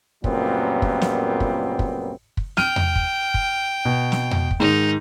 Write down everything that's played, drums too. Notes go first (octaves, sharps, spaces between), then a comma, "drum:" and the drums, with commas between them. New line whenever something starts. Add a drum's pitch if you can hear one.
C#2 F#2 A#2 G3 B3 C4, drum: kick
drum: kick
drum: snare
drum: kick
drum: kick
drum: kick
G5 F6 D#7, drum: snare
drum: tom E2
drum: kick
drum: kick
B2
drum: snare
drum: tom E2
drum: kick
G#2 D#3 D#4